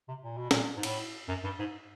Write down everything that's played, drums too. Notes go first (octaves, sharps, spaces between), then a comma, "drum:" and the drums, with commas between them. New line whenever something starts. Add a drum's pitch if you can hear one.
C3
A#2
B2
A#2, drum: snare
G#2
A2, drum: cymbal
F#2
G2
G#2